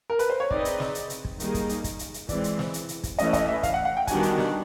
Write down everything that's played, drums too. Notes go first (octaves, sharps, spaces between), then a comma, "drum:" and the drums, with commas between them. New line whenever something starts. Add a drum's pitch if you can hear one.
A#4
B4, drum: hi-hat
C5
C#5
C4 D#4 G#4 B4 D5 D#5, drum: kick
drum: hi-hat
drum: snare
drum: hi-hat
drum: hi-hat
drum: kick
D#3 G3 A#3 D#4 G#4, drum: hi-hat
drum: kick, hi-hat
drum: hi-hat
drum: kick, hi-hat
drum: hi-hat
drum: hi-hat
E3 G#3 C4 D5, drum: kick, hi-hat
drum: hi-hat
drum: snare
drum: hi-hat
drum: hi-hat
drum: kick, hi-hat
E3 A3 C#4 D#5, drum: hi-hat
D#5, drum: kick, hi-hat
E5
F5, drum: kick, hi-hat
F#5
F#5
G5
D#3 G3 B3 D4 F#4 G#5, drum: kick, hi-hat
drum: hi-hat
drum: snare